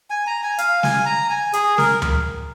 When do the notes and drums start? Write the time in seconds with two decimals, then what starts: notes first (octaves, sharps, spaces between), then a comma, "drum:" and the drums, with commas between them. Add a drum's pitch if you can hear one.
0.10 G#5
0.27 A#5
0.43 G#5
0.58 F5, drum: hi-hat
0.83 G#5, drum: snare
1.06 A#5
1.30 G#5
1.53 G#4, drum: hi-hat
1.78 A#4, drum: snare
2.02 drum: tom D2